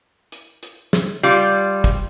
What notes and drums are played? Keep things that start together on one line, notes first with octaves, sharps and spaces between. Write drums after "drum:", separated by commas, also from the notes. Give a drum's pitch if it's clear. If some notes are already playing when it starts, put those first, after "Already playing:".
drum: hi-hat
drum: hi-hat
drum: snare
G3 F4, drum: hi-hat
drum: kick, hi-hat